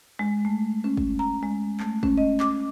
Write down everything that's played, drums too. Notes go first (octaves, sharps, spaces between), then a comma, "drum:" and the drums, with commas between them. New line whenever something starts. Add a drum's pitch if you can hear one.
G#3
A3
C#4
drum: kick
A#5
G#3
A3, drum: clap
C#4, drum: kick
D#5
D6, drum: clap